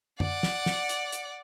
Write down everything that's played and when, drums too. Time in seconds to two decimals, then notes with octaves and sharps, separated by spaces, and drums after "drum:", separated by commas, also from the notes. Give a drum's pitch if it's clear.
0.20 D5 F#5, drum: tom F#2
0.43 drum: snare
0.66 drum: snare
0.89 drum: hi-hat
1.12 drum: hi-hat